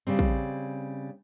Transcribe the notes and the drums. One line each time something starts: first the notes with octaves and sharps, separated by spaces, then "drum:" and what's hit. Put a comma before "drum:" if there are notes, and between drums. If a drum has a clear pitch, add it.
C#3 G3 C4
drum: kick